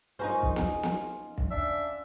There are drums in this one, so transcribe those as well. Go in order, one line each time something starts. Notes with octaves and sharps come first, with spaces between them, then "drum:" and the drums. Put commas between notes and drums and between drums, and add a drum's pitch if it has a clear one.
C#4 D#4 F4 A#4 C5
drum: kick
drum: snare
drum: snare
drum: kick
D4 E5